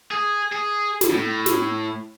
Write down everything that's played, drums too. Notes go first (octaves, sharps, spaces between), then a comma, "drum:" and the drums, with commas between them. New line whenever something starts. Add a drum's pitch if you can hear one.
G#4
G#4
drum: snare
A2
drum: snare